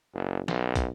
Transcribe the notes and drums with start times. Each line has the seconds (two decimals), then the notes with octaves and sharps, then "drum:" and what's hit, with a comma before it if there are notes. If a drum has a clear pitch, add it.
0.14 F#1
0.48 B1, drum: snare
0.76 drum: kick, hi-hat